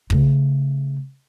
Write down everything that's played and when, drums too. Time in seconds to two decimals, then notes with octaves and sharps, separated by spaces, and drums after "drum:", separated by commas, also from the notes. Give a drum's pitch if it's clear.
0.10 C#3 A3, drum: kick